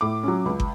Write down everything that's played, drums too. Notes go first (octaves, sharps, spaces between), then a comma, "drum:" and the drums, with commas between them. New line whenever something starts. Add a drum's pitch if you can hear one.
A2 D6
F#3 C#4
C#2
drum: kick